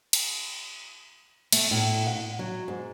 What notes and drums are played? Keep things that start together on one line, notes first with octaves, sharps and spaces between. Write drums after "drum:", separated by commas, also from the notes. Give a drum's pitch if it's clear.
drum: cymbal
A3, drum: cymbal
A2
F#5
F#3
G#2